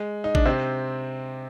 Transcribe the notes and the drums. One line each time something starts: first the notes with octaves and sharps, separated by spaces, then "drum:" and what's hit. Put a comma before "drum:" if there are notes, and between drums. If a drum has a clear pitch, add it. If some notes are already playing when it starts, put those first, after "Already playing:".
Already playing: G#3
D#4
D4, drum: kick A1
C3 C4